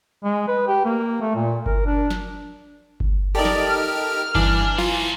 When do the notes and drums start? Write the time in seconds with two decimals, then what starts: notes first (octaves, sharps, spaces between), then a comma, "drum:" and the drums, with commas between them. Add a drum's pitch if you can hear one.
0.24 G#3
0.48 B4
0.67 G4
0.85 A#3
1.21 A3
1.35 A#2
1.66 A#4, drum: kick G1
1.86 D4
2.10 drum: snare
3.00 drum: kick G1
3.35 D#4 G4 A4 A#4 D5
3.45 drum: snare
3.68 F6
4.35 G2 E3 D4, drum: kick G1
4.79 F3 F4 A#5, drum: snare